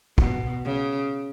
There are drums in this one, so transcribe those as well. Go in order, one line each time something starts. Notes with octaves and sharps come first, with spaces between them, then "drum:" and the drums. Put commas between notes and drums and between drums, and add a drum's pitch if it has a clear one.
B2, drum: kick
C#3